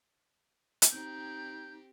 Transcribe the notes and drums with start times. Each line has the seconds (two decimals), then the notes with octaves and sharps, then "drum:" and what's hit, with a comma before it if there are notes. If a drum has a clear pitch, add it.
0.82 drum: hi-hat
0.91 C4 D#4 G4 G6